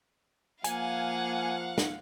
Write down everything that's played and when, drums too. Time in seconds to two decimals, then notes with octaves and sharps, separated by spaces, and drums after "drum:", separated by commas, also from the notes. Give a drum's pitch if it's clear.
0.64 F3 A#3 F5 F#5 G#5, drum: hi-hat
1.78 drum: snare